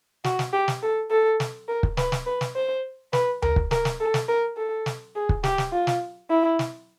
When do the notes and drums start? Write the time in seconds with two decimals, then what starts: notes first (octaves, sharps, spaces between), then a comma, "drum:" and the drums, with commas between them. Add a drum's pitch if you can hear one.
0.24 F#4, drum: snare
0.39 drum: snare
0.53 G4
0.68 drum: snare
0.82 A4
1.11 A4
1.40 drum: snare
1.68 A#4
1.83 drum: kick
1.97 B4, drum: snare
2.12 drum: snare
2.26 B4
2.41 drum: snare
2.56 C5
3.13 B4, drum: snare
3.42 A#4, drum: tom D2
3.56 drum: kick
3.71 A#4, drum: snare
3.85 drum: snare
4.00 A4
4.14 drum: snare
4.28 A#4
4.57 A4
4.86 drum: snare
5.15 G#4
5.29 drum: kick
5.44 G4, drum: snare
5.58 drum: snare
5.72 F4
5.87 drum: snare
6.30 E4
6.59 drum: snare